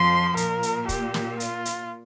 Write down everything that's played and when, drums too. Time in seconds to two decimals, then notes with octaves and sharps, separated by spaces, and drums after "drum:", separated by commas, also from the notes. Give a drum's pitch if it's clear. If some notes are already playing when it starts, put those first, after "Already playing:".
Already playing: F2 F3 C6
0.37 A#2 A#4, drum: hi-hat
0.63 drum: hi-hat
0.89 G4, drum: kick, hi-hat
1.14 drum: snare
1.40 F4, drum: hi-hat
1.65 drum: hi-hat